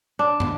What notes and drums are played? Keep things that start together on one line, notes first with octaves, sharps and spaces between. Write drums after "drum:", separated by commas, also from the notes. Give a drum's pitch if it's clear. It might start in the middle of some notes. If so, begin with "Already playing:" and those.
D4
drum: tom